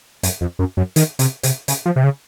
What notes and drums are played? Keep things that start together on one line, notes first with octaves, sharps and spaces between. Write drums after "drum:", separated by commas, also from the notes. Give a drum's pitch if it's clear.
F#2, drum: hi-hat
F2
F#2
F#2
D#3, drum: hi-hat
C3, drum: hi-hat
C3, drum: hi-hat
C#3, drum: hi-hat
F3
C3
C#3